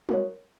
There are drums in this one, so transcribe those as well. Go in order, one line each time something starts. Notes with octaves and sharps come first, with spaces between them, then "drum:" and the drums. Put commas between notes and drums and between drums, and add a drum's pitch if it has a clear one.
F#4 A#4 C#5, drum: tom